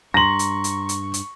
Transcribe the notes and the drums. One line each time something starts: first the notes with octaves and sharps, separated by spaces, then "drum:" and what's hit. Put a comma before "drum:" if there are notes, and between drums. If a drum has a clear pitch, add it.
G2 A#5 C6 C#6 A#6 F#7
drum: hi-hat
drum: hi-hat
drum: hi-hat
drum: hi-hat